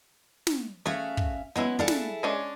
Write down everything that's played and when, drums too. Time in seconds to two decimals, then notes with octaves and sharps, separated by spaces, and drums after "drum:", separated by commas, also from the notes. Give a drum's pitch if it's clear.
0.47 drum: snare
0.86 A3 C#4 F#4 G#4 E5 F5
1.17 drum: kick
1.56 F#3 G#3 B3 C#4 E4
1.79 D4 E4 G#4 A4 F5 F#5
1.88 drum: snare
2.23 G#3 C#4 D4